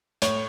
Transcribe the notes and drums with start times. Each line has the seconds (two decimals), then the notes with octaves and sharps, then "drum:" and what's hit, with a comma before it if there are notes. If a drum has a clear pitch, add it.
0.22 A2 C#5, drum: hi-hat